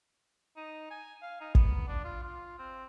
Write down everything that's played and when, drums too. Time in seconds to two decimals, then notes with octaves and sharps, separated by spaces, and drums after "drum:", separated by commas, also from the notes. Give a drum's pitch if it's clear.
0.57 D#4
0.91 G#5
1.22 F5
1.41 D#4
1.55 B3, drum: kick
1.88 D4
2.04 F4
2.23 F4
2.59 C4